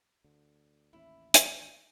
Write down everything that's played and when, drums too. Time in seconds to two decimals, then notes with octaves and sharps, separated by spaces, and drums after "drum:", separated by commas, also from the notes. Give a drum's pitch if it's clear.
0.24 D2 D3
0.93 A1 D#2 C#4 E4
1.34 drum: hi-hat
1.53 A2